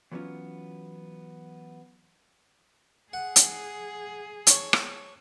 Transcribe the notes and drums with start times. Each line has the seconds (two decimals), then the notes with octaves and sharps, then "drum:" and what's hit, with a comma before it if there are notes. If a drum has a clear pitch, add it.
0.12 E3 F#3 A3 B3 C#4 F4
3.13 G#4 F#5
3.36 drum: hi-hat
4.47 C#5 A5, drum: hi-hat
4.73 drum: rim click